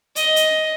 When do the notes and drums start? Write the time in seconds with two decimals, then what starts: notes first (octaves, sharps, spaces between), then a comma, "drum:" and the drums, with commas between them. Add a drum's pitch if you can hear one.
0.16 D#5, drum: hi-hat
0.36 drum: hi-hat